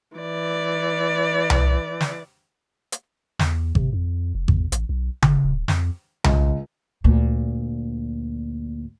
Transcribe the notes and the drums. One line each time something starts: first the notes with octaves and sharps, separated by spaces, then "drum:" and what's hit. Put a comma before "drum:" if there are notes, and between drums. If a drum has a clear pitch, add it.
E3 D5
drum: tom C2
drum: snare
drum: hi-hat
E2, drum: snare
C3, drum: kick G#1
F2
F1
E2, drum: kick G#1
A1, drum: hi-hat
B1
G1, drum: tom C#3
D1
F2, drum: snare
C#2, drum: tom C2
D2 A#2